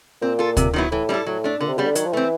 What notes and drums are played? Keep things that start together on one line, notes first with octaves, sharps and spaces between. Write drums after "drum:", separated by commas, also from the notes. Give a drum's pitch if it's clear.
A#2 C4
F4 A4
C3, drum: kick D2, hi-hat
D#3 F#3 B3 E4
A2 E3
G3 C4 E4 A4
A2 F#3
A3 D4
A#2 D3
C3
C#3 G3 B3
D3
D#3 F#3, drum: hi-hat
F3
E3 A3 C4